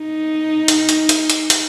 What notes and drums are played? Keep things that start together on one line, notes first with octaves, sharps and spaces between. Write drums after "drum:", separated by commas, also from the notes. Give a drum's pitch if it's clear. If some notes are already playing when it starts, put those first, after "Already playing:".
Already playing: D#4
drum: hi-hat
drum: hi-hat
drum: hi-hat
drum: hi-hat
drum: hi-hat